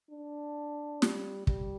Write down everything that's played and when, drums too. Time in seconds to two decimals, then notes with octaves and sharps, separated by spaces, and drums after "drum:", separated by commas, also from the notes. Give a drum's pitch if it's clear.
0.11 D4
1.02 G3, drum: snare
1.47 G3, drum: kick